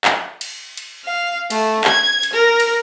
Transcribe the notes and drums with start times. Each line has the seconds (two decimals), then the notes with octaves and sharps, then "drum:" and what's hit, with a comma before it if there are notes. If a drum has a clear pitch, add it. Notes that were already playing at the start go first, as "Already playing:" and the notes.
0.05 drum: clap
0.41 drum: cymbal
0.77 drum: cymbal
1.05 F5
1.50 A3, drum: cymbal
1.84 G#6, drum: clap
2.23 drum: cymbal
2.33 A#4
2.60 drum: cymbal